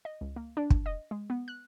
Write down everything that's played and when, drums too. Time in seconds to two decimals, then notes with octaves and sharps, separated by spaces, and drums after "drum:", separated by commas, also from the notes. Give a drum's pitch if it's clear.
0.05 D#5
0.21 C#2
0.36 A#3
0.57 D4
0.70 drum: kick
0.86 D#5
1.11 G#3
1.30 B3
1.48 F#6